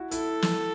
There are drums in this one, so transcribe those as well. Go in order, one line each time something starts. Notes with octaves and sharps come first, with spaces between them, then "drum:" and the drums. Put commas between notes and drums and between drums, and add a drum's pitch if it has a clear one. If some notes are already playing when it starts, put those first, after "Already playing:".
Already playing: E4 F#4
E4 A4, drum: hi-hat
drum: snare